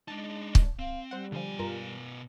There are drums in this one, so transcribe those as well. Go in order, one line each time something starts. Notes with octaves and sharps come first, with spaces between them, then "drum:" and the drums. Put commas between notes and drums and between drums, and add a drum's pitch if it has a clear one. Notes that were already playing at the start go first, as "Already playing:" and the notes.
G#3 D4 D#4 A5
drum: kick
C4 F5
G3 C5 F#5
B2 D3 F3 G#5
G2 F4 A#4